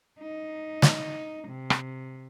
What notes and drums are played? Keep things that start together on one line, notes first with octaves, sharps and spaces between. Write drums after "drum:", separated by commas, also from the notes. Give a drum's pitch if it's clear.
D#4
drum: snare
C3
drum: rim click